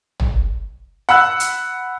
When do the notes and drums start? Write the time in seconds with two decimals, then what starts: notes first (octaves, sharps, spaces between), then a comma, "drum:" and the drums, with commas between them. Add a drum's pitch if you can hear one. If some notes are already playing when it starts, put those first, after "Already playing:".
0.20 drum: tom
1.09 F#5 B5 E6 F#6
1.40 drum: hi-hat